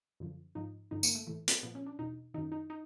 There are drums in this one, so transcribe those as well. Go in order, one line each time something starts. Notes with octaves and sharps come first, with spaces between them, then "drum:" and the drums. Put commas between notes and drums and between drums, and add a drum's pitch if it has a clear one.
F#2 D3 F3
G#2 F3 D#4
G2 D3 F3 D#4
A#3, drum: tambourine
A3
A2 E3 A3
drum: hi-hat
A#2 F3 B3
C#4
D4
E2 B2 D#4
F#2 D#3 D#4
D#4
D#4